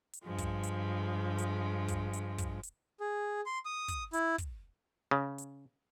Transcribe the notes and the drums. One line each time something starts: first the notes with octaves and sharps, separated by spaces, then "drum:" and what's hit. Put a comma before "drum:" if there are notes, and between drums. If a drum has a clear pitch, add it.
drum: hi-hat
G2 F3 G#3
drum: kick, hi-hat
drum: hi-hat
drum: hi-hat
drum: kick, hi-hat
drum: hi-hat
drum: kick, hi-hat
drum: hi-hat
G#4
C6
D#6
drum: kick, hi-hat
E4, drum: hi-hat
drum: kick, hi-hat
C#3
drum: hi-hat